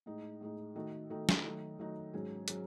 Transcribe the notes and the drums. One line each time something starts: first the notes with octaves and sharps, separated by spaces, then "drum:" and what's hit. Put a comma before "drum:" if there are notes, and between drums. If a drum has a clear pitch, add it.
A2 G#3 D#4
A2 G#3 D#4
D#3 A3 D#4 F#4 A4
D#3 A3 D#4 F#4 A4
drum: snare
D#3 F#3 A3 D#4 F#4
D#3 F#3 A3 D#4 F#4
G#2 F#3 C#4 G#4
F#3 C#4 G#4, drum: hi-hat